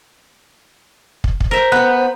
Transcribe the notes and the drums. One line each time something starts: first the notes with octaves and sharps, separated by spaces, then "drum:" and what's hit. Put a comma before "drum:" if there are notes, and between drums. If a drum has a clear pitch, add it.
drum: kick
drum: kick
A#4 C5 E5
B3 F#6